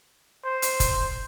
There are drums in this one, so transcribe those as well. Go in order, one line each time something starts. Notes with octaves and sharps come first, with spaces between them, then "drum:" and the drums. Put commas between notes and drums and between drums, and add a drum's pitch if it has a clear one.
C5
drum: hi-hat
drum: kick F1, hi-hat